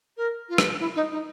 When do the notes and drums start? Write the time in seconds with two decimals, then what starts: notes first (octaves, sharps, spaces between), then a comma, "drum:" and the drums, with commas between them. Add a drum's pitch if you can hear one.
0.16 A#4
0.49 F4
0.58 drum: rim click
0.79 E4
0.95 D#4
1.11 D#4